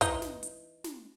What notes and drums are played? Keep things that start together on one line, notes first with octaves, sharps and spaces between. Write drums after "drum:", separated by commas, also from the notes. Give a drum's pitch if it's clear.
E3 D#4, drum: kick, hi-hat
drum: snare
drum: hi-hat
drum: snare